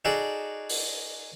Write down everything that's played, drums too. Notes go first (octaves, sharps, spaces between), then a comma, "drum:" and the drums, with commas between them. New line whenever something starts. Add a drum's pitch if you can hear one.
D#4 F#4 G#4 A4 D5
drum: open hi-hat